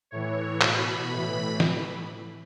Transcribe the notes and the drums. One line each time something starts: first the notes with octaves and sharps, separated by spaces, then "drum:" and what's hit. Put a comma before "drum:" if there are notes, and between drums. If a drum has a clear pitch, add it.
A2 E3 C#5
B2 B5, drum: clap
A2 E3
drum: snare